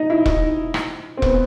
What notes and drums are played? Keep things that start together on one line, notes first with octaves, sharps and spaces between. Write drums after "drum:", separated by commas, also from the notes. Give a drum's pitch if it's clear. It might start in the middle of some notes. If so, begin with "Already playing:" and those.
Already playing: D#4
E4
D#4, drum: kick E1
drum: rim click
C4
B3, drum: kick E1